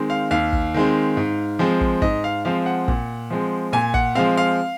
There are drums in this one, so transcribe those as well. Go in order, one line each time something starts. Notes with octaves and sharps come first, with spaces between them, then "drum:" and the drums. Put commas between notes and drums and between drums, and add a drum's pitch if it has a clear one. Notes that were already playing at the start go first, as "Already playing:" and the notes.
Already playing: D#3 G#3 C4
F5
D#2 F5
drum: kick
D#3 G#3 C4
G#2
F3 G#3 C4
drum: kick
G#2 D#5, drum: kick
F5
F3 G#3 C4 F5
F#5
A#2, drum: kick
F3 G#3 C4
A#2 G#5
F#5, drum: kick
F3 G#3 C4 F5
F5